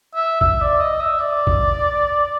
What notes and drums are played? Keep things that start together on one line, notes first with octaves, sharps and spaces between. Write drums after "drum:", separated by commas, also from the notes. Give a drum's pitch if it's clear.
E5
E5, drum: kick
D5
D#5
E5
D5
drum: kick